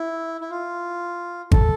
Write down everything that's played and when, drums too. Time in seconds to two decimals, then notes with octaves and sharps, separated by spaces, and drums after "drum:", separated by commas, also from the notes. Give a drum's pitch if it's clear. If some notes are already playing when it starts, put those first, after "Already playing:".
Already playing: E4
0.41 E4
0.50 F4
1.52 A4, drum: kick G#1